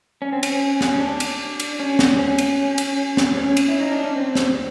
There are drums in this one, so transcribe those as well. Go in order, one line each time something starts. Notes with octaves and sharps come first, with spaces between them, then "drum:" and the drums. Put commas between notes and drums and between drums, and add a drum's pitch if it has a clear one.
C#4
C4
C#4, drum: cymbal
drum: snare
C#4
D4
drum: cymbal
drum: cymbal
C#4
drum: snare
C#4
drum: cymbal
drum: cymbal
drum: snare
C#4
drum: cymbal
E4
D#4
D4
C#4
C4
drum: snare